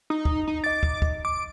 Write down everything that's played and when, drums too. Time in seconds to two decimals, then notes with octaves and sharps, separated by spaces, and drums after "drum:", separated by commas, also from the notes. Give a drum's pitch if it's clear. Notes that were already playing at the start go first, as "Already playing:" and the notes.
0.10 D#4
0.25 drum: kick
0.47 D#4
0.64 D#5 D6 A6
0.83 drum: kick
1.02 drum: kick
1.25 D6 D7